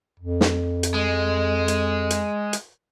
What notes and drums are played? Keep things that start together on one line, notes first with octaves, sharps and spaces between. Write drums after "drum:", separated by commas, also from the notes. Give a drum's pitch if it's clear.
F2
drum: snare
drum: hi-hat
G#3
drum: hi-hat
drum: hi-hat
drum: hi-hat